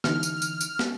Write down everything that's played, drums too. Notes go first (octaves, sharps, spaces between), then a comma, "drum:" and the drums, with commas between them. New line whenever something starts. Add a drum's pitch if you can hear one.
D3 E3 D#4 F6, drum: snare
drum: tambourine
drum: tambourine
drum: tambourine
drum: snare